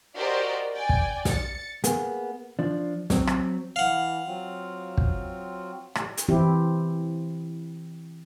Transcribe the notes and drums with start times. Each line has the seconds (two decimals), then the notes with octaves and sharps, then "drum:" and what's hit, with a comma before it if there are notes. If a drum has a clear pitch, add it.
0.17 F#4 G4 A#4 C5 D5 D#5
0.74 D5 G5 G#5
0.89 drum: kick
1.25 A6 C#7, drum: snare
1.84 A#3 B3 G#4, drum: hi-hat
2.59 F3 D4
3.10 F#3 C4, drum: snare
3.27 drum: rim click
3.76 E3 F5 F#5
4.26 F#3 C4 F4
4.97 drum: kick
5.95 A2 G3, drum: rim click
6.17 drum: hi-hat
6.28 E3 C4 E4 G4